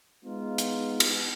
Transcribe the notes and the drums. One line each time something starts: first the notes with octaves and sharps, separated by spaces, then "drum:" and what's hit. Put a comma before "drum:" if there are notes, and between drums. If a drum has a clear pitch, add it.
G#3 B3 D#4 F4
drum: hi-hat
drum: cymbal